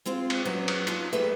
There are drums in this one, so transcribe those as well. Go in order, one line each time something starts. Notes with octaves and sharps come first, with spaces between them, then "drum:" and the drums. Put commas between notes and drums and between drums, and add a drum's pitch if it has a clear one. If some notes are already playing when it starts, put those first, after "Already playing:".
G#3 C4 F4 C5
drum: cymbal
F#3 B3 C#4 E5
drum: cymbal
D4 D#4 F4, drum: cymbal
G3 A3 G#4 A4 B4 E5